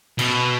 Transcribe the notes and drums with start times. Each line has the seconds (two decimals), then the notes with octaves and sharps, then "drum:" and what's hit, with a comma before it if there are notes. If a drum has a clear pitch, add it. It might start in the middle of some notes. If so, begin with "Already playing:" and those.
0.19 B2, drum: cymbal